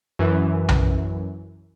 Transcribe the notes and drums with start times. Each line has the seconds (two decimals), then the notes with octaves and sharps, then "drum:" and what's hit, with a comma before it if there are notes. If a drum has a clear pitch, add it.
0.19 F#2 E3
0.69 drum: tom B1